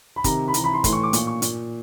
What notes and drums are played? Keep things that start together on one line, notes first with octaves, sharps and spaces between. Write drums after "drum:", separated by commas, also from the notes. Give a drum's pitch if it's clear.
B5
C3 D#3 A#5, drum: kick, hi-hat
B5
C3 E3 A#5, drum: hi-hat
B5
C6
A2 E3 C6, drum: kick, hi-hat
C#6
D6
A#2 C#6, drum: hi-hat
C#6
A#2, drum: hi-hat